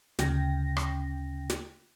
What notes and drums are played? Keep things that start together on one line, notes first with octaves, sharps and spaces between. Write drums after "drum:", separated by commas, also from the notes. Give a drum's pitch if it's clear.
D2 C#3 G5 A#6, drum: snare
drum: rim click
drum: snare